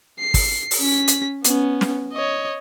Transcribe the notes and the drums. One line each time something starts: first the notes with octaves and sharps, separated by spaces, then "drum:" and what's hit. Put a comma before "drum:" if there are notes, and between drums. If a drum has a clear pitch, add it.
C7
drum: kick, open hi-hat
drum: open hi-hat
C#4 B6
drum: hi-hat
B3 C#4, drum: hi-hat
drum: snare
C#5 D#5